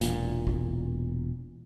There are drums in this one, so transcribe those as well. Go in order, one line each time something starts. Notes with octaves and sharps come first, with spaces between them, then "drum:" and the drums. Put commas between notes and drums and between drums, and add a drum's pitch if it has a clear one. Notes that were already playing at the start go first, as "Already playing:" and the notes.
E1 A#2, drum: hi-hat
drum: kick G#1